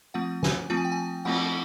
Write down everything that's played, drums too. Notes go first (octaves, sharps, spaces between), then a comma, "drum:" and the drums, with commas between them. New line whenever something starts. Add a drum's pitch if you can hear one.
F3 A3 C4 F4 F#5
G#5, drum: snare
F3 A3 C4 F4 A5
G#5
G5
G#5
F3 A3 C4 F4 F#5, drum: cymbal